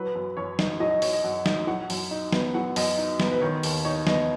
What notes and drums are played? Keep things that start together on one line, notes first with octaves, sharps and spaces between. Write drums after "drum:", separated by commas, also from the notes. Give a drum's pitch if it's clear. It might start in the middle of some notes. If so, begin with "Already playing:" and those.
Already playing: F#3 B4
F#2
F#2 C#5
D#4, drum: snare
F#3 D#5
D#5
F#2 C#5, drum: open hi-hat
D#5
F#2 F#5
D#4, drum: snare
F#3 F#5
F#2, drum: open hi-hat
D#4
B3, drum: snare
F#3 F#5
F#2 D#5, drum: open hi-hat
D#4
B3, drum: snare
B4
D#3 C#5
D#2, drum: open hi-hat
D#4 C#5
B3 D#5, drum: snare